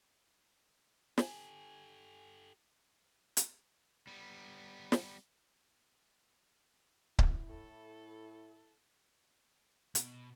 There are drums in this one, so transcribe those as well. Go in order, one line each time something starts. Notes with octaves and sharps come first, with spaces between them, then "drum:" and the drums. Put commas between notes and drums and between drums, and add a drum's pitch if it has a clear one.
G4 A4 G#5, drum: snare
drum: hi-hat
G3 B3
drum: snare
E4, drum: kick C#1
A2 A4
B2, drum: hi-hat